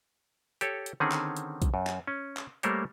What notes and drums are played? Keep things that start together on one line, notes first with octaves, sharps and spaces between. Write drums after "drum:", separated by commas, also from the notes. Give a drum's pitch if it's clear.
G4 A4 C#5, drum: hi-hat
drum: hi-hat
D3 D#3 C4 C#4 G#4
drum: clap
drum: hi-hat
drum: kick A#1, hi-hat
F#2
drum: clap
C#4
drum: clap
G3 A3 A#3 A#4 C5 C#5, drum: hi-hat